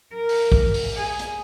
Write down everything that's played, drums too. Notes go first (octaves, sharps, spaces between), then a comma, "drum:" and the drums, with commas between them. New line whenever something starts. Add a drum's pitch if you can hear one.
A#4
drum: open hi-hat
drum: kick
drum: open hi-hat
G#4
drum: hi-hat